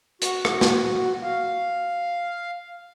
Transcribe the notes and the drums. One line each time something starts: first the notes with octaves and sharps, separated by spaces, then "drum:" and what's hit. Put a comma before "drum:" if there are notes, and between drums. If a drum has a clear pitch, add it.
F#4, drum: hi-hat
drum: rim click
drum: snare
F5